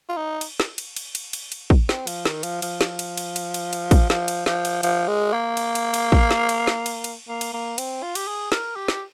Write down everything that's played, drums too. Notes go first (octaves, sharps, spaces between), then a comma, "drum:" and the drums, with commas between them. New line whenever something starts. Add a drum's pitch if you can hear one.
F4
D#4
drum: cymbal
drum: snare
drum: cymbal
drum: cymbal
drum: cymbal
drum: cymbal
drum: cymbal
drum: kick
C4, drum: snare
F3, drum: cymbal
D#3, drum: snare
F3, drum: cymbal
F3, drum: cymbal
drum: snare
drum: cymbal
drum: cymbal
drum: cymbal
drum: cymbal
drum: cymbal
drum: kick, cymbal
F3, drum: snare
drum: cymbal
F3, drum: snare
drum: cymbal
F3, drum: cymbal
G#3
A#3
drum: cymbal
drum: cymbal
drum: cymbal
drum: kick
drum: snare
drum: cymbal
drum: snare
drum: cymbal
drum: cymbal
A#3
drum: cymbal
A#3
C4, drum: cymbal
F4
G4, drum: cymbal
G#4
A#4, drum: snare
G4
drum: snare